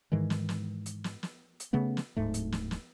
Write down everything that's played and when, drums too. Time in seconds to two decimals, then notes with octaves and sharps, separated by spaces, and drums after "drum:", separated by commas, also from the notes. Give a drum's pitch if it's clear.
0.12 G#2 D#3 E3 G#3
0.30 drum: snare
0.49 drum: snare
0.86 drum: hi-hat
1.04 drum: snare
1.23 drum: snare
1.60 drum: hi-hat
1.73 C#3 A3 B3 C#4
1.97 drum: snare
2.17 D1 G#2 A3
2.34 drum: hi-hat
2.52 drum: snare
2.71 drum: snare